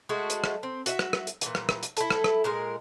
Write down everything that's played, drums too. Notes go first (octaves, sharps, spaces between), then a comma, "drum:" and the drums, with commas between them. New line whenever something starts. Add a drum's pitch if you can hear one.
G#3 A3 F#4
drum: hi-hat
drum: rim click
C4
F#4 E5, drum: hi-hat
drum: rim click
drum: rim click
drum: hi-hat
A#2 E3, drum: hi-hat
drum: rim click
drum: rim click
drum: hi-hat
E4 A4, drum: hi-hat
drum: rim click
drum: rim click
A#2 G#3 A#4